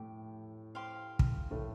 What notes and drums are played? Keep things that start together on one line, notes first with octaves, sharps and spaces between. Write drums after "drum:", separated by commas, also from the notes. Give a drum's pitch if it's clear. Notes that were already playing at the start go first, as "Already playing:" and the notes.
Already playing: A2 G4
G4 C5 F5 C6
drum: kick
A2 A3